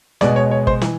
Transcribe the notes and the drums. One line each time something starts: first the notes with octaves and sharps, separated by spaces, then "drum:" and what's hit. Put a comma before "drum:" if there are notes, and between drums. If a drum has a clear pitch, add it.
B2 G#3 B3 D5, drum: snare
C#5
C#5
C5, drum: kick
E3, drum: snare